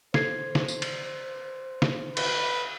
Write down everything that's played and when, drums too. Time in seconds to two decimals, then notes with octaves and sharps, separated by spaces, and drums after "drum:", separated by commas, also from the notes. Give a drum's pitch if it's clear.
0.14 A4 C5 G#6 C7, drum: snare
0.55 drum: snare
0.68 drum: tambourine
0.82 drum: cymbal
1.82 drum: snare
2.17 B4, drum: cymbal